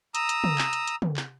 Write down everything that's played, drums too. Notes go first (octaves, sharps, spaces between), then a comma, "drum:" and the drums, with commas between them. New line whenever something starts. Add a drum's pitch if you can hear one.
A#5 D#6 E6, drum: hi-hat
drum: hi-hat
drum: tom
drum: clap
drum: hi-hat
drum: hi-hat
drum: tom
drum: clap